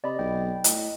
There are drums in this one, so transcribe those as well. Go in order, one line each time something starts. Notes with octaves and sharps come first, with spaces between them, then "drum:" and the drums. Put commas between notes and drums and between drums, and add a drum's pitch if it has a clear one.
C3 D5 D#5 B5
B1 G5
G5
A2 D#5, drum: hi-hat